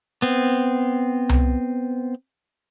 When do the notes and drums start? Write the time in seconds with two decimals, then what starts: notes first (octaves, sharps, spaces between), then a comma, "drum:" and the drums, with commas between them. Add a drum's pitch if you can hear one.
0.22 B3 C4
1.29 drum: tom C2